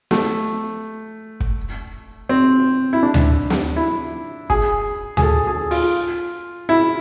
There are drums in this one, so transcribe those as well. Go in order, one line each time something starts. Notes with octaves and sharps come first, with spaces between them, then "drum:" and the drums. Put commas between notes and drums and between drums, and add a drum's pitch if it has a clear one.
A3, drum: snare
drum: kick
C4
E4
D4
drum: tom D2
drum: snare
E4
G#4, drum: kick
G#4, drum: tom D2
A4
G#4
F4, drum: open hi-hat
E4